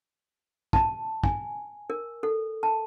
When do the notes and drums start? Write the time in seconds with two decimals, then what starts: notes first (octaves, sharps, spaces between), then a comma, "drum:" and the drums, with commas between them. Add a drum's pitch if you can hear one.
0.73 A5, drum: kick
1.24 G#5, drum: kick
1.90 A#4
2.23 A4
2.63 A5